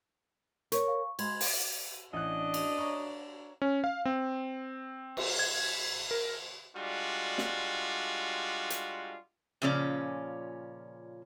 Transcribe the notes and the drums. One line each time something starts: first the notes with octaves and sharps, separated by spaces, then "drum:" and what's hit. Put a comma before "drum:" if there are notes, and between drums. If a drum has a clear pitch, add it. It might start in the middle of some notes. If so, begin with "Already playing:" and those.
A#4 C#5 C#6, drum: hi-hat
F5 C#6
G#3 B5 C6 G#6, drum: cymbal
drum: open hi-hat
A1 D4 D#5 F#6
drum: cymbal
C#5 A#5 C#6
C#4
F5
C4
drum: cymbal
G#6
A#4
G3 G#3 D4 F4 F#4
drum: snare
drum: hi-hat
A#2 C#3 F3 C#4 D5